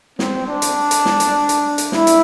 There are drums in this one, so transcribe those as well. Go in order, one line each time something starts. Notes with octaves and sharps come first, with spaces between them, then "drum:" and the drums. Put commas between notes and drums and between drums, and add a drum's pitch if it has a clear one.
C4, drum: snare
D4
drum: hi-hat
drum: hi-hat
drum: snare
drum: hi-hat
drum: hi-hat
drum: hi-hat
E4, drum: snare
drum: hi-hat